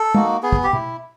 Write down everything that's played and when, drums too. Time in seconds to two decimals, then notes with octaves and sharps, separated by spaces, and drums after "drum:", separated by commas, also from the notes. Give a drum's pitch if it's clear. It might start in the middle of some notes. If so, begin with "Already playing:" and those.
Already playing: A4
0.15 A#3 D#4 F#4, drum: tom
0.43 B3 G#4
0.53 drum: kick
0.63 G4
0.73 E4, drum: tom